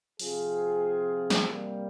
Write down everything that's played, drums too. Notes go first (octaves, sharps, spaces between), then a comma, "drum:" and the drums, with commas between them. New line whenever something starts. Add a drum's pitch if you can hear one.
C3 F3 C4 F4 G#4, drum: open hi-hat
drum: snare
C3 G3 A#3